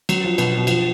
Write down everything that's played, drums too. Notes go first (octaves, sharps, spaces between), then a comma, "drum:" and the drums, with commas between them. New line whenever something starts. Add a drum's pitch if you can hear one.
F#3, drum: cymbal
F3
B2, drum: cymbal
B2
F3, drum: cymbal